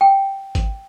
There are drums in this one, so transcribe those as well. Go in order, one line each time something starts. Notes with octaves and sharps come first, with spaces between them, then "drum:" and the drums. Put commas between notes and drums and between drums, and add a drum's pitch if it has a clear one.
G5
drum: kick G#1, hi-hat